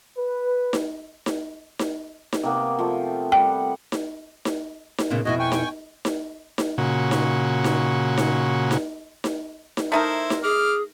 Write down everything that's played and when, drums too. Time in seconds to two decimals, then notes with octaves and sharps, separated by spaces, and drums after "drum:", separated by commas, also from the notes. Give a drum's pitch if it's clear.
0.16 B4
0.73 drum: snare D#4
1.26 drum: snare D#4
1.79 drum: snare D#4
2.33 drum: snare D#4
2.43 C3 A#3 B3
2.79 F3 A3 G5
3.32 G3 F#5 G5
3.92 drum: snare D#4
4.45 drum: snare D#4
4.98 drum: snare D#4
5.10 A#2 C#3 B3
5.25 F2 B2 E4 F#4 D#5 G#5
5.39 G5 G#5 C#6
5.52 drum: snare D#4
6.05 drum: snare D#4
6.58 drum: snare D#4
6.78 A#2 C#3 F#4
7.11 drum: snare D#4
7.64 drum: snare D#4
8.18 drum: snare D#4
8.71 drum: snare D#4
9.24 drum: snare D#4
9.77 drum: snare D#4
9.92 A3 D#4 E4 A#4 C5
10.30 drum: snare D#4
10.44 G#4 D6 F6